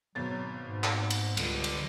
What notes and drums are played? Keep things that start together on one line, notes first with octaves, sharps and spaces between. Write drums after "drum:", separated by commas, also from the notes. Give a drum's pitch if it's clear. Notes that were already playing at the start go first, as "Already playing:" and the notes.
G#1 B2 F#3 A6
G#2
drum: clap
drum: cymbal
C#2 D3 G3, drum: cymbal
drum: cymbal